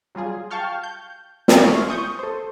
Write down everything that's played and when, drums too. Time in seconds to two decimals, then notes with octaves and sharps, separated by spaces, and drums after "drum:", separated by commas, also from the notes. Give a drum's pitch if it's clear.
0.15 F#3 G3 F4 G#4
0.51 F5 G5 A5 C#6 F6 G6
0.83 G6
1.48 drum: snare
1.62 E5 G#5 C6 C#6 F6
1.88 C#6 D#6 G6
2.19 A4 C5